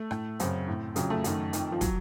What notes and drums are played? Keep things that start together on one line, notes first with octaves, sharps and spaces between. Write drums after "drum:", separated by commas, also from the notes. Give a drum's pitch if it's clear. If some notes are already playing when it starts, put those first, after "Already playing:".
Already playing: A3
A2, drum: rim click
F#2 C#3 C4, drum: hi-hat
A2
F2 C#3 F#3, drum: hi-hat
A3
F#2 D#3, drum: hi-hat
F2 D#3, drum: hi-hat
F3
F#3, drum: kick, hi-hat